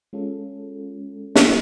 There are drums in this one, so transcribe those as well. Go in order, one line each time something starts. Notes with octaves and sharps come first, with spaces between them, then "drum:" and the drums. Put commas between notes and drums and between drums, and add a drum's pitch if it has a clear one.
G#3 C#4 F4 A4
A3 C#4 E4 A4 C5, drum: snare